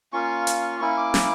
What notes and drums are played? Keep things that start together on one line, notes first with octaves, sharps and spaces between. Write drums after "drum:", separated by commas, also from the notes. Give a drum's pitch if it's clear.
A#3 C#4 F4 C#6
drum: hi-hat
A#3 C#4 E4 C#6
D6
drum: snare